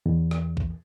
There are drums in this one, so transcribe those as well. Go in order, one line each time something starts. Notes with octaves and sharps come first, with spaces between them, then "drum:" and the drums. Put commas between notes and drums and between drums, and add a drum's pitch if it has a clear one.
E2
drum: rim click
drum: kick